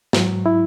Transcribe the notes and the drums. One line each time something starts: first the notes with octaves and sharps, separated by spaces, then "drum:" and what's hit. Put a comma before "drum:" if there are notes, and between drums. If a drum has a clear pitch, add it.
G#2 F#3, drum: snare
E4